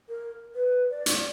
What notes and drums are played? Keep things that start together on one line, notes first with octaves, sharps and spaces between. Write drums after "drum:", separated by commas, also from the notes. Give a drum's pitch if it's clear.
A#4
B4
D5
drum: hi-hat